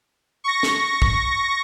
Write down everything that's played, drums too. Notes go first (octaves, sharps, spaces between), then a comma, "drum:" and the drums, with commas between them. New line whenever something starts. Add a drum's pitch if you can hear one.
C#6 A#6
drum: snare
drum: kick